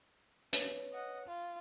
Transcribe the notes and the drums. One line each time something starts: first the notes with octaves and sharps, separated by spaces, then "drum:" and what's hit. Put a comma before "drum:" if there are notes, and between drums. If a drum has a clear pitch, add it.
B4 C#5, drum: hi-hat
D#5 F#5
F4